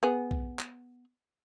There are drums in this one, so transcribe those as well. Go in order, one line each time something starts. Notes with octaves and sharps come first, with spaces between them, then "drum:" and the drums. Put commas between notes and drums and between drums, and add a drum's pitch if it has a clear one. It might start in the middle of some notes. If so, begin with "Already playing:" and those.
B3 G#4
drum: kick
drum: clap